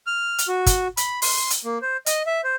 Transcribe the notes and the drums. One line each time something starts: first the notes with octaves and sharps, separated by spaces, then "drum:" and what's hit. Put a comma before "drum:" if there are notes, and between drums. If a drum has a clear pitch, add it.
F6
drum: hi-hat
F#4
drum: kick, hi-hat
B5, drum: hi-hat
C6, drum: open hi-hat
drum: hi-hat
A#3
C5
D#5, drum: hi-hat
E5
C5